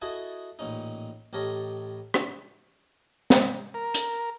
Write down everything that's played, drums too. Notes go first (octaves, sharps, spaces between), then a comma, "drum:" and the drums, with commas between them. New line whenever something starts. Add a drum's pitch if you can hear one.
E4 F#4 G#4 A4 D#5
A1 A#2 C#4 D#4
A1 G4 A4 A#4 C#5 D#5
drum: rim click
drum: snare
A#4
drum: hi-hat